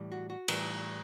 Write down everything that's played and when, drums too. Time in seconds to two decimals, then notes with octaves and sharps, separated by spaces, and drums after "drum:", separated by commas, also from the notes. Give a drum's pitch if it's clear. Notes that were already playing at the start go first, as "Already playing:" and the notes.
Already playing: A2 E3 G3
0.12 F#4
0.30 F#4
0.48 A2 E3 G3, drum: cymbal